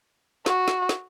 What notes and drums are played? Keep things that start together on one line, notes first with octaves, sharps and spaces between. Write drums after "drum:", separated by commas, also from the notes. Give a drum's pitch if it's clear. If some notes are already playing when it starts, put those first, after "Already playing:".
F#4, drum: snare
drum: snare
drum: snare